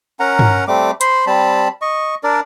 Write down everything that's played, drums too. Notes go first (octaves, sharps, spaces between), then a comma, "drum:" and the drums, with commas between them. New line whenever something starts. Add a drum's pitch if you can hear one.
C#4 A#4 F#5 A#5
drum: tom G2
G3 A3 C4 D6
C5 B5 C6, drum: hi-hat
G3 C4 A5 B5
D#5 C#6
D4 A#4 D5